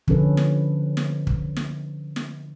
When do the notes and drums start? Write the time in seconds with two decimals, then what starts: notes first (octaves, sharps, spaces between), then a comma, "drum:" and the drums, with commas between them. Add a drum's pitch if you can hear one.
0.08 D3 F3 C#4 A4 B4, drum: kick
0.37 drum: snare
0.97 drum: snare
1.27 drum: kick
1.57 drum: snare
2.16 drum: snare